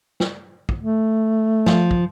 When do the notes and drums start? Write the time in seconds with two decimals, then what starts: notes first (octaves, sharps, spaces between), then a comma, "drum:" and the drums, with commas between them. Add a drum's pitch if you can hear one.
0.20 drum: snare
0.69 drum: kick
0.78 A3
1.66 F3, drum: snare
1.91 drum: kick